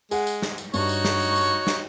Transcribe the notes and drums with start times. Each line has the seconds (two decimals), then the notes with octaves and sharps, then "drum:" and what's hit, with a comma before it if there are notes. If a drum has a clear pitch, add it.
0.11 G#3 G#4 F#5, drum: tambourine
0.27 drum: tambourine
0.42 drum: snare
0.58 drum: tambourine
0.74 G2 D#4 F#4 C#5, drum: tambourine
0.89 drum: tambourine
1.05 drum: snare
1.20 drum: tambourine
1.36 drum: tambourine
1.67 drum: snare